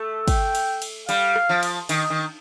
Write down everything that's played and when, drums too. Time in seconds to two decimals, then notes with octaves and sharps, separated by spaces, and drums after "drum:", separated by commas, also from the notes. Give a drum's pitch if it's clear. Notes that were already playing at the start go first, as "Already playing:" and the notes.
Already playing: A3
0.28 G5, drum: kick, cymbal
0.55 drum: cymbal
0.82 drum: cymbal
1.09 G3 F5, drum: cymbal
1.36 drum: rim click
1.49 F3
1.63 drum: cymbal
1.89 D#3 D#5, drum: cymbal
2.10 D#3